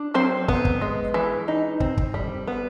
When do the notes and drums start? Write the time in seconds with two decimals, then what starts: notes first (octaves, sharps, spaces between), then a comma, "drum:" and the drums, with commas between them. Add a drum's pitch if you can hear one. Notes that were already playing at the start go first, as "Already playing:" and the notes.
Already playing: D4
0.14 F#3 C4 C5
0.48 B3, drum: kick
0.65 drum: kick
0.81 G#3
1.14 E3
1.48 D#4
1.80 C4, drum: kick
1.97 drum: kick
2.14 G3
2.47 B3